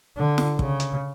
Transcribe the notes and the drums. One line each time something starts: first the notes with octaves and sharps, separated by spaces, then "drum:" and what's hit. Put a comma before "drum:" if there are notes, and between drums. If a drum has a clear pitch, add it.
D3
drum: snare
C#3, drum: kick
drum: hi-hat